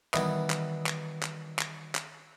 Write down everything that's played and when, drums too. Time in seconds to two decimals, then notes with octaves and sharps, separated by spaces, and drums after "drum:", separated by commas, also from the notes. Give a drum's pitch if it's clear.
0.14 B2 D#3 E3 G3 B3 D#4, drum: clap
0.50 drum: clap
0.86 drum: clap
1.23 drum: clap
1.59 drum: clap
1.95 drum: clap